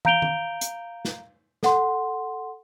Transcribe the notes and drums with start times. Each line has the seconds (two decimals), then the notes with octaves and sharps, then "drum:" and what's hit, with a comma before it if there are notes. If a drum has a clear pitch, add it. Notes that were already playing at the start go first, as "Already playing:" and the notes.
0.05 F5 A#5 G6 D7 F7 G7, drum: tom
0.22 drum: tom D#3
0.61 drum: hi-hat
1.05 drum: snare
1.63 A4 F#5 C6, drum: snare